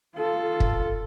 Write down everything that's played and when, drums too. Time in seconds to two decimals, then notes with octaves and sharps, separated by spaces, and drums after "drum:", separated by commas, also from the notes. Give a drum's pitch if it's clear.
0.16 F4 A4
0.60 drum: kick